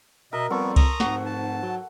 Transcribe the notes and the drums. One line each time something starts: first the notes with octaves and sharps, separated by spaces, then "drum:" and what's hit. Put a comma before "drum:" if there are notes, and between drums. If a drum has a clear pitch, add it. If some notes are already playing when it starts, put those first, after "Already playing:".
B2 A#4 D#5 E5
F2 G3 B3 A4 C6 C#6
A#5 D#6, drum: kick C2, cymbal
F1 G#2 F#4, drum: snare
A5
F#3